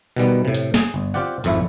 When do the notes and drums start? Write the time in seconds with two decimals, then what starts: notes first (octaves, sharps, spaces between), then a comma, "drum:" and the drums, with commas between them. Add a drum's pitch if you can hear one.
0.17 B2 D#3 G3 B3
0.45 A2 C3
0.55 drum: hi-hat
0.74 G#4, drum: snare
0.94 G1
1.14 C4 F4 G4 D5 F#5
1.44 G#1 F2 G#2 A3 E4, drum: hi-hat